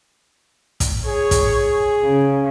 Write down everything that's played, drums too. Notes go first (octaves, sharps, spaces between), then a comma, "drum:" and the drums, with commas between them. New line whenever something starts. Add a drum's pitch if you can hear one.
drum: kick, hi-hat
G#4 C#5
drum: kick, hi-hat
C#3